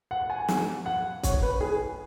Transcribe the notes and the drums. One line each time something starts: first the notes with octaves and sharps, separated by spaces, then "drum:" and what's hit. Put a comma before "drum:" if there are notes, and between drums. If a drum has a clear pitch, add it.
F#5
G#5
drum: snare
F#5
C#5, drum: kick, hi-hat
B4
G#4